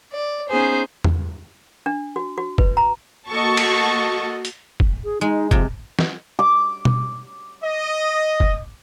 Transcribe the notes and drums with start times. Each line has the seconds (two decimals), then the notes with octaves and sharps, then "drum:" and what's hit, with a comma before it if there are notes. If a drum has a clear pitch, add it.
0.12 D5
0.50 B3 C#4 D#4 G#4 C5
1.04 drum: tom E2
1.86 D4
2.16 F#4
2.38 F#4
2.58 B4, drum: kick
2.77 A#5
3.30 A#3 F#4 A4 D#5 A5 C#6
3.57 drum: cymbal
4.45 drum: hi-hat
4.80 drum: kick
5.04 G#4
5.21 G#3 D#4
5.51 C3 F3, drum: kick
5.99 drum: snare
6.39 D6
6.85 drum: tom B2
7.64 D#5
8.40 drum: kick